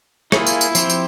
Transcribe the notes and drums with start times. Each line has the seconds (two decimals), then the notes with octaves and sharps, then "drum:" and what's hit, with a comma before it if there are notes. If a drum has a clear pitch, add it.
0.32 A#3 E4 F4 G#4, drum: rim click
0.47 drum: tambourine
0.61 drum: tambourine
0.75 F3 C4 G4 C5, drum: tambourine
0.90 drum: tambourine